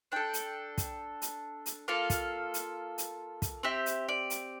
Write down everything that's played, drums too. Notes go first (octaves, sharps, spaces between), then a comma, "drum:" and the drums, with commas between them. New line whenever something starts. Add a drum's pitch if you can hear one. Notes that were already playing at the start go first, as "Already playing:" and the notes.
D4 A4 G5
drum: hi-hat
drum: kick, hi-hat
drum: hi-hat
drum: hi-hat
A#3 F4 A4 F5
drum: kick, hi-hat
drum: hi-hat
drum: hi-hat
drum: kick, hi-hat
C4 G4 E5
drum: hi-hat
D5
drum: hi-hat